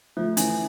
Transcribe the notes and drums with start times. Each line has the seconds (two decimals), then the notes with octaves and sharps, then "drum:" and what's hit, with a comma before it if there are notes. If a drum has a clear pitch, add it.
0.17 F3 A3
0.37 E3 C#4, drum: hi-hat